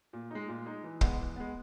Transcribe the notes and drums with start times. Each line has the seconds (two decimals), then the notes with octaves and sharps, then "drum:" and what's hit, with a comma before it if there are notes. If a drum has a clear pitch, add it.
0.13 A#2
0.31 G#3 D#4
0.48 A#2
0.66 G#3 D#4
0.84 E3
1.01 G#3 B3, drum: kick
1.18 E3
1.36 G#3 B3